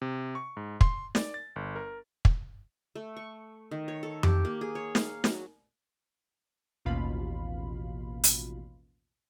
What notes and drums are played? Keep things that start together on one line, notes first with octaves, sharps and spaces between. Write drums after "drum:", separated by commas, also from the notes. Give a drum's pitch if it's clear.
C3
C#6
G#2
C6, drum: kick
D5, drum: snare
A6
G1
A#4
drum: kick
A3
C#6
D#3
C#5
A4
G4, drum: tom F2
A#3
G#4
C#5
F5, drum: snare
F#3, drum: snare
A1 D#2 B2 F4 F5 B5
drum: hi-hat